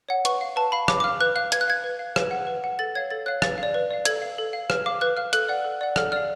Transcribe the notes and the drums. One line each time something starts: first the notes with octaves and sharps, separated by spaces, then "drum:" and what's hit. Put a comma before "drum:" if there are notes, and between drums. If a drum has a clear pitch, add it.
C#5 F#5
B4 C#6, drum: hi-hat
F5
B4 A5
F5 B5
B4 D6, drum: rim click
D6
F5 F6
B4 F#6
F5 F#6
B4 G#6, drum: hi-hat
F#6
F5 G#6
B4
F5
B4, drum: rim click
F#5
B4
F#5
A4 A6
C#5 F5 G#6
A4 A6
C#5 F5 F#6
B4 A6, drum: rim click
F5
D5
B4
D5 F5
A4 G#6, drum: hi-hat
F5
A4
F5
B4 F6, drum: rim click
F5 D6
B4 F#6
F5 F6
A4 F#6, drum: hi-hat
D5 F#5
A4
D5 F#5
A4 F6, drum: rim click
D5 F5 F6